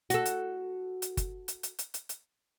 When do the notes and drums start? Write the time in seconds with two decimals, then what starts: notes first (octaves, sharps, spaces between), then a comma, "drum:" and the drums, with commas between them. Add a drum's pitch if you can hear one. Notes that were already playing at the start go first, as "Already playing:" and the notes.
0.10 F#4 A4, drum: hi-hat
0.25 drum: hi-hat
1.02 drum: hi-hat
1.17 drum: kick, hi-hat
1.48 drum: hi-hat
1.63 drum: hi-hat
1.79 drum: hi-hat
1.94 drum: hi-hat
2.09 drum: hi-hat